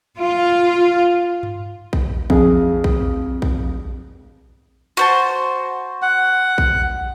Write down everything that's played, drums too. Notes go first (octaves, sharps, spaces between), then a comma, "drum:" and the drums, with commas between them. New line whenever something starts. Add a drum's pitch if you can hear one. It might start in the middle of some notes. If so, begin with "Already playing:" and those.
F4
drum: tom G2
drum: kick A#1
F2 G#4, drum: kick A#1
drum: kick A#1
drum: kick A#1
F#4 C5 A5
F#5
drum: kick A#1